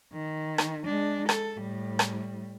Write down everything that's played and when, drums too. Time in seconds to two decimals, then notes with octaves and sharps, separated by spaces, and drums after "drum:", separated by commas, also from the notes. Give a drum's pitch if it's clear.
0.13 D#3
0.58 drum: rim click
0.85 G#3 D4
1.29 A4, drum: rim click
1.57 A2 G3
1.99 drum: rim click